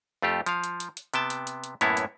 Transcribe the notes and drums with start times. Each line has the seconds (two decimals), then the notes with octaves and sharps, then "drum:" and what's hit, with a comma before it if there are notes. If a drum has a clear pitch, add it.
0.22 F2 A3 F4 G4
0.46 F3 F5, drum: hi-hat
0.64 drum: hi-hat
0.80 drum: hi-hat
0.97 drum: hi-hat
1.14 C3 B3 G5 A5, drum: hi-hat
1.30 drum: hi-hat
1.47 drum: hi-hat
1.64 drum: hi-hat
1.81 F#2 A2 A#3 B3 E4 C#5, drum: hi-hat
1.97 drum: hi-hat